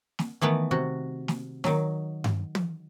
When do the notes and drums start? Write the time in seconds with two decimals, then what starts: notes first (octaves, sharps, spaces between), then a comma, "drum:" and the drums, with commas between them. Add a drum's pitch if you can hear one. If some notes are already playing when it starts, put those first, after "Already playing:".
0.19 drum: snare
0.41 D#3 E3 A3 B3
0.71 C3 F#4
1.28 drum: snare
1.64 D#3 F#3, drum: snare
2.24 drum: tom G2
2.55 drum: tom